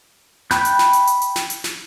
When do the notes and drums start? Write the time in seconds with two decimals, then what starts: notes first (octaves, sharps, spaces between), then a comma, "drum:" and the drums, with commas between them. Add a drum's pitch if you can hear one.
0.51 G5 B5 F#6 G6, drum: snare
0.65 drum: hi-hat
0.79 drum: snare
0.93 drum: hi-hat
1.07 drum: hi-hat
1.21 drum: hi-hat
1.36 drum: snare
1.50 drum: hi-hat
1.64 drum: snare